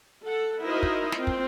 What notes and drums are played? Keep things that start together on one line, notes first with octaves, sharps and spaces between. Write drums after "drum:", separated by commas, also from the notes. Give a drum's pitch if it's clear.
A4 F#5
D#4 E4 F#4 A#4 C5 D#5
drum: kick
C4 F4, drum: snare
drum: kick